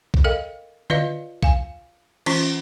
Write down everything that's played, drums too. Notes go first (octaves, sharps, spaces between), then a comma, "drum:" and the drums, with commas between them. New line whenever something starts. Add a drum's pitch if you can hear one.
drum: kick B1
A4 A#4 D#5 F5 G5
F4 B4 D5 D#5 F5, drum: tom D3
F5 G#5, drum: kick B1
E3 C#4 F4, drum: cymbal